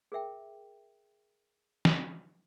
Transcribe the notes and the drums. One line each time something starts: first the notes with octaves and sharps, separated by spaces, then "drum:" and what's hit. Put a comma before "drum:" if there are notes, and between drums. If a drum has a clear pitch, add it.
G#4 A#4 E5 G5
drum: snare